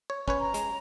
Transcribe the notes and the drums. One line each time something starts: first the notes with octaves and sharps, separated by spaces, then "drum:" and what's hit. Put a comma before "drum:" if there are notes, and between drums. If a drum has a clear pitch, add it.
C#5
C#4 B4 C#5, drum: kick
A#5
G#3, drum: hi-hat